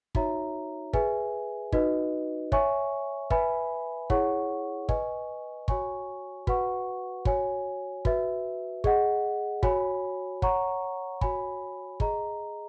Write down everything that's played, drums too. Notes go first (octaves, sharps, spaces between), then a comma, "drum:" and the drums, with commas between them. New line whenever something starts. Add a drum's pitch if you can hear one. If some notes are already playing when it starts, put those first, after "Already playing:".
D#4 F#4 C#5 E5 A#5, drum: kick
G#4 B4 E5 G#5, drum: kick
D#4 F#4 B4 D#5, drum: kick
C#5 E5 G#5 C#6, drum: kick
B4 E5 G#5 B5, drum: kick
E4 G#4 C#5 F#5 C#6, drum: kick
B4 D#5 G#5 C#6, drum: kick
F#4 C#5 G#5 C#6, drum: kick
F#4 B4 F#5 C#6, drum: kick
F#4 C#5 G#5, drum: kick
F#4 B4 E5, drum: kick
G#4 D#5 F#5, drum: kick
F#4 C#5 G#5 B5, drum: kick
C#5 F#5 A#5 C#6, drum: kick
F#4 C#5 G#5 B5, drum: kick
G#4 D#5 A#5, drum: kick